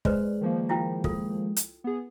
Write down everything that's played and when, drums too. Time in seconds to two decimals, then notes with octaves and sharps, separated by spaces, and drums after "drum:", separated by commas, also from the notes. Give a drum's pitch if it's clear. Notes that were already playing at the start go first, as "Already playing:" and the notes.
0.05 G#3 B4 C5 D5, drum: kick
0.41 D#3 F3 A#3
0.69 E4 F4 G5
1.04 F4 A4, drum: kick
1.56 drum: hi-hat
1.84 B3 G#4